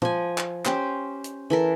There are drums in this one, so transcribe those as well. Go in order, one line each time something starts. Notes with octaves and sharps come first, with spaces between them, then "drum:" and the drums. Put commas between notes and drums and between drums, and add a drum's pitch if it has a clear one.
F3 G#5, drum: tom
drum: clap
C#4 G4 C5, drum: clap
drum: hi-hat
E3 A4 A#4